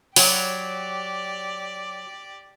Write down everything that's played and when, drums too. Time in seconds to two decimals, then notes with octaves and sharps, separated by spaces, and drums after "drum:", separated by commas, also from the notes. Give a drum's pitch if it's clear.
0.16 F#3 G4 D5, drum: open hi-hat